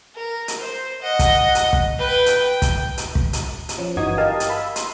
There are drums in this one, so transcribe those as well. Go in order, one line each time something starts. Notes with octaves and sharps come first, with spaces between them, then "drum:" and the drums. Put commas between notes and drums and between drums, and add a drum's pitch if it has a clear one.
A#4
drum: hi-hat
C5
D#5 F#5
drum: kick, hi-hat
drum: hi-hat
drum: kick
B4 G5
drum: hi-hat
G5
drum: kick, hi-hat
drum: hi-hat
drum: kick
drum: hi-hat
drum: hi-hat
F3 C#4
G1 E3 D#4 F#4 D#6 G#6
G4 A#4 D#5 F5 A5
drum: hi-hat
B5 E6
C6, drum: hi-hat